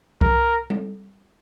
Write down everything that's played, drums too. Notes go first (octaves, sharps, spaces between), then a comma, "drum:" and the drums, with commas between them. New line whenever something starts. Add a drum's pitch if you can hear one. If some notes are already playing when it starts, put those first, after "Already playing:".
A#4, drum: kick C2
drum: tom G3